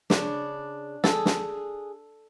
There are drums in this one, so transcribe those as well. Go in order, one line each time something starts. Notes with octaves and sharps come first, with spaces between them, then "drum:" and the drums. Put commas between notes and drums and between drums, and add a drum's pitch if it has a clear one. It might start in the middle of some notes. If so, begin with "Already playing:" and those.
C#3 D4, drum: snare
G#4 A4, drum: snare
drum: snare